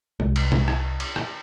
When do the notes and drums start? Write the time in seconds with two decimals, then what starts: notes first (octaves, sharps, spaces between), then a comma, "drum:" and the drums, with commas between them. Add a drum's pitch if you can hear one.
0.20 C2, drum: tom
0.36 drum: cymbal
0.52 drum: tom
0.68 drum: rim click
1.00 drum: cymbal
1.16 drum: rim click